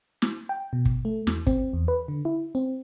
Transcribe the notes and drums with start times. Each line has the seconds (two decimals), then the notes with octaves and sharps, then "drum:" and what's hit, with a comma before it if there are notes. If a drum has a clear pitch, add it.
0.22 drum: snare
0.49 G5
0.73 B2
0.85 drum: kick
1.05 A3
1.27 E2, drum: snare
1.47 C4, drum: kick
1.73 E2
1.88 B4
2.08 D3
2.25 E4
2.55 C4